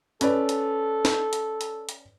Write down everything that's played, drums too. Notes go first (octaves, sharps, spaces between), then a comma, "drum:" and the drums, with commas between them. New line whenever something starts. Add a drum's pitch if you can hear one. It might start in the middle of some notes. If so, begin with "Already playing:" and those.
C#4 A4 B4 D5, drum: hi-hat
drum: hi-hat
drum: snare
drum: hi-hat
drum: hi-hat
drum: hi-hat